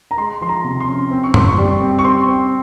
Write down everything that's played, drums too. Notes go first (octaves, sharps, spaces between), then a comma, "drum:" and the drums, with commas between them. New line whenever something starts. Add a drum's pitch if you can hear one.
A#5
G#3 C6
F3 C6
A#5
C3
C6
C#4
C4
C#6
C4 C6, drum: tom F#2
C#6
G3
C4
C#6
C4 C6
C4